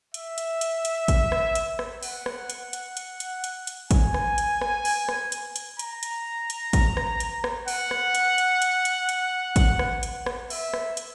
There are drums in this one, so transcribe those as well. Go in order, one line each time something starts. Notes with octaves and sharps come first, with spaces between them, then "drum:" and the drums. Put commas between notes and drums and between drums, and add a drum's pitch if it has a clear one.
E5, drum: hi-hat
drum: hi-hat
drum: hi-hat
drum: hi-hat
drum: kick G#1, hi-hat
drum: rim click
drum: hi-hat
drum: rim click
F#5, drum: open hi-hat
drum: rim click
drum: hi-hat
drum: hi-hat
drum: hi-hat
drum: hi-hat
drum: hi-hat
drum: hi-hat
G#5, drum: kick G#1, hi-hat
drum: rim click
drum: hi-hat
drum: rim click
drum: open hi-hat
drum: rim click
drum: hi-hat
drum: hi-hat
A#5, drum: hi-hat
drum: hi-hat
drum: hi-hat
drum: kick G#1, hi-hat
drum: rim click
drum: hi-hat
drum: rim click
F#5, drum: open hi-hat
drum: rim click
drum: hi-hat
drum: hi-hat
drum: hi-hat
drum: hi-hat
drum: hi-hat
drum: kick G#1, hi-hat
drum: rim click
drum: hi-hat
drum: rim click
E5, drum: open hi-hat
drum: rim click
drum: hi-hat